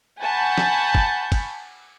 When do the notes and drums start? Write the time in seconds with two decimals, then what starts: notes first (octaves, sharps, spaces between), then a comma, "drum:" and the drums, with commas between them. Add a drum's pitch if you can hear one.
0.20 F#5 G#5 A5 B5 C#6 G6
0.58 drum: snare
0.95 drum: kick
1.32 drum: kick, cymbal